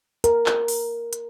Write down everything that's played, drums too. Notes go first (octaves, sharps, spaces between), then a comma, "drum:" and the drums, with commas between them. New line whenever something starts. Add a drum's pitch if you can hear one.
A#4, drum: hi-hat
drum: clap
drum: open hi-hat
drum: hi-hat